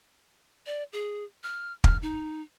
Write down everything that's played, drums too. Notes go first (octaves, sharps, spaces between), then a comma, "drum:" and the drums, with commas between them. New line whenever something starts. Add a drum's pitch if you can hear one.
D5
G#4
F6
F6, drum: kick
D#4